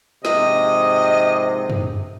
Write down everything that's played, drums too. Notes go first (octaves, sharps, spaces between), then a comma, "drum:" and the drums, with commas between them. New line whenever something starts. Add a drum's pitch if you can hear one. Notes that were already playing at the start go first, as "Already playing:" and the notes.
A#1 G#2 C3 D#5, drum: snare
drum: tom F#2